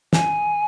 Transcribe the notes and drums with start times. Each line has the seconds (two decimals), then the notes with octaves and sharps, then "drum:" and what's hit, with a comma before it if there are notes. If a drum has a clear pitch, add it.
0.13 G#5, drum: snare